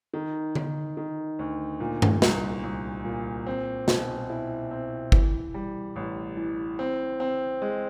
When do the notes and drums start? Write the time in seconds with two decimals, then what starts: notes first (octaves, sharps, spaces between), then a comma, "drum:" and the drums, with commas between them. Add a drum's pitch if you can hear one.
0.14 D#3
0.55 D#3, drum: tom D3
0.97 D#3
1.39 D2
1.80 A#2
2.02 drum: tom G2
2.22 C2, drum: snare
2.64 C2
3.05 A#2
3.47 C4
3.88 B2, drum: snare
4.30 E4
4.71 C4
5.12 E3, drum: kick
5.54 G3
5.96 A1
6.37 E3
6.79 C4
7.20 C4
7.62 G#3